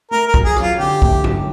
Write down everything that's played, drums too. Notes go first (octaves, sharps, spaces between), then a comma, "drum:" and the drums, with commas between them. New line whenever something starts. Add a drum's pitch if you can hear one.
A3 A#4
A#4
F#3, drum: kick
G#4
F#2, drum: rim click
F4
D3 G4
A3, drum: kick
F#3, drum: tom G2